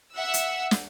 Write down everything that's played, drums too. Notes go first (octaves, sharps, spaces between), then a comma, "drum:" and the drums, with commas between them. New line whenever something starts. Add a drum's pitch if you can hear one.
E5 F#5 E6
drum: hi-hat
drum: snare